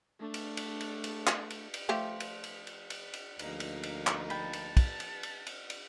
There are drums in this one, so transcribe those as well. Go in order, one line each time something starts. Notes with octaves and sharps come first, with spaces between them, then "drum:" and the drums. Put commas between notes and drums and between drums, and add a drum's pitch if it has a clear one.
A3 D4
drum: cymbal
drum: cymbal
drum: cymbal
drum: cymbal
drum: clap
drum: cymbal
drum: cymbal
F3 A3 G4
drum: cymbal
drum: cymbal
drum: cymbal
drum: cymbal
drum: cymbal
D2 F3 A#3 D#4, drum: cymbal
drum: cymbal
drum: cymbal
drum: clap
G5 A5 B5, drum: cymbal
drum: cymbal
drum: kick, cymbal
drum: cymbal
drum: cymbal
drum: cymbal
drum: cymbal